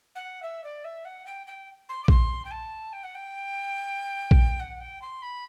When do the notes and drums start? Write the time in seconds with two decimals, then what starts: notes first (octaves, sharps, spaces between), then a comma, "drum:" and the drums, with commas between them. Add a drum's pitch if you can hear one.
0.15 F#5
0.42 E5
0.63 D5
0.84 E5
1.04 F#5
1.25 G5
1.46 G5
1.88 C6
2.03 D6
2.08 C6, drum: kick A#1
2.44 G5
2.50 A5
2.92 G5
3.03 F#5
3.14 G5
4.31 drum: kick A#1
4.59 F#5
4.80 G5
5.01 C6
5.22 B5